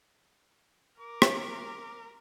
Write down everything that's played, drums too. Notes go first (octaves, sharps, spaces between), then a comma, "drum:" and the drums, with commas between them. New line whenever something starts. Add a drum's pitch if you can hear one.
A#4 D6
drum: rim click